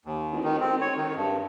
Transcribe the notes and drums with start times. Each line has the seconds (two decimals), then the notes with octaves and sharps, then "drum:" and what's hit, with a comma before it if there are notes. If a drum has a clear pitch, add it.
0.05 D#2
0.32 drum: cymbal
0.44 D#3
0.60 C4
0.81 C#5
0.97 D#3
1.16 G2